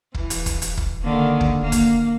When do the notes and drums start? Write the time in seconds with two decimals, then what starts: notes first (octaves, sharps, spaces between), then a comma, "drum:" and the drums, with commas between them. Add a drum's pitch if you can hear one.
0.14 E3, drum: kick
0.30 drum: hi-hat
0.46 drum: kick, hi-hat
0.62 drum: hi-hat
0.77 drum: kick
1.02 D3 D#3 A#3
1.40 drum: kick
1.61 A#3
1.72 drum: kick, hi-hat